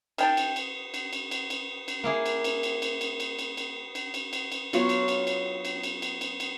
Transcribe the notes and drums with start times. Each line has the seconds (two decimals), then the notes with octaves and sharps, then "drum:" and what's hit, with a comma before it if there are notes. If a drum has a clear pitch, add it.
0.18 D#3 G5 A5, drum: cymbal
0.37 drum: cymbal
0.56 drum: cymbal
0.94 drum: cymbal
1.13 drum: cymbal
1.31 drum: cymbal
1.50 drum: cymbal
1.88 drum: cymbal
2.04 A#3 E4 G#4
2.26 drum: cymbal
2.44 drum: cymbal
2.63 drum: cymbal
2.82 drum: cymbal
3.01 drum: cymbal
3.20 drum: cymbal
3.39 drum: cymbal
3.57 drum: cymbal
3.95 drum: cymbal
4.14 drum: cymbal
4.33 drum: cymbal
4.52 drum: cymbal
4.73 F#3 B3 F4 C#5, drum: cymbal
4.89 drum: cymbal
5.08 drum: cymbal
5.27 drum: cymbal
5.65 drum: cymbal
5.83 drum: cymbal
6.02 drum: cymbal
6.21 drum: cymbal
6.40 drum: cymbal